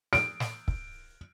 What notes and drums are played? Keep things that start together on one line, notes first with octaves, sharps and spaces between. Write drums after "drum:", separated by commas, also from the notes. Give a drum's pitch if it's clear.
D7, drum: snare
drum: snare
drum: kick